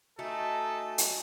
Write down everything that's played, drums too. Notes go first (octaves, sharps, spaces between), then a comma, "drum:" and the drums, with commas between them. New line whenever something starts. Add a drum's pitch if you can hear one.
A3 D#4 F#4 A4 D#5 G#5
drum: hi-hat